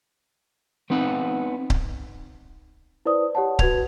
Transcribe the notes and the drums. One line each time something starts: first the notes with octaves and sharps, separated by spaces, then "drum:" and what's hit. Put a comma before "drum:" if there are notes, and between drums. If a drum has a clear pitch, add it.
B3 C4 D#4 F#5
drum: kick C#1
E4 B4 C5 D5 D#6
G4 C#5 F#5 A5
F#4 B4 G#6 F7, drum: kick C#1